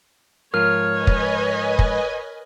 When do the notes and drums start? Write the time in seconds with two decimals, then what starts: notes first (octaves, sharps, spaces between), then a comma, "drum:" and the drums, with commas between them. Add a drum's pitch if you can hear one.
0.54 G#2 F3 F4 A#4 C#5 F6
0.91 B4 D#5 G#5
1.07 drum: kick
1.79 drum: kick